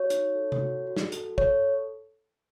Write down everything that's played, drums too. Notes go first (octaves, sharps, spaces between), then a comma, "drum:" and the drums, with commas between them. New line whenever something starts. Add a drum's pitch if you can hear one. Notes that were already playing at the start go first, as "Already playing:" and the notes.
Already playing: F#4 C#5
D#4, drum: hi-hat
A4
drum: tom C3
F#4
F#4
drum: snare
A4, drum: hi-hat
A4 C#5, drum: kick